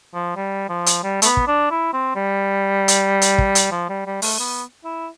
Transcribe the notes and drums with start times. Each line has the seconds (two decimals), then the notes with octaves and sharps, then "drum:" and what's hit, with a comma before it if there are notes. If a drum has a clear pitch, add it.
0.14 F3
0.36 G3
0.69 F3
0.86 drum: hi-hat
1.03 G3
1.22 A3, drum: hi-hat
1.25 B3
1.37 drum: kick
1.47 D4
1.71 E4
1.93 C4
2.15 G3
2.88 drum: hi-hat
3.22 drum: hi-hat
3.38 drum: kick
3.55 drum: hi-hat
3.71 F3
3.89 G3
4.06 G3
4.22 A3, drum: open hi-hat
4.39 B3
4.84 E4